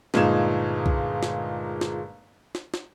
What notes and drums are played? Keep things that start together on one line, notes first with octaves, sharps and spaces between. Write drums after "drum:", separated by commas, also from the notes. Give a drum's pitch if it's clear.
G1 A#2 G#3 D#4 G#6 E7, drum: snare
drum: kick B1
drum: snare
drum: snare
drum: snare
drum: snare